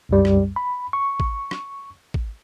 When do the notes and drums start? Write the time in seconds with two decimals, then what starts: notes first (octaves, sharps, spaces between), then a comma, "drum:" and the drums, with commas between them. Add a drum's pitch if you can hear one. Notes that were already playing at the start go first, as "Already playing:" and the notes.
0.09 C2 F#2 G3
0.25 drum: rim click
0.56 B5
0.93 C#6
1.20 drum: kick
1.51 drum: rim click
2.14 drum: kick